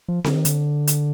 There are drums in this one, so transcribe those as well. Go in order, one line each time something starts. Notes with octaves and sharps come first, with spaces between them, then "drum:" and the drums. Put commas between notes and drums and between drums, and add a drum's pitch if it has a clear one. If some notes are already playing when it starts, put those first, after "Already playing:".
F3
D3, drum: snare C4
D#3
D3, drum: hi-hat
drum: hi-hat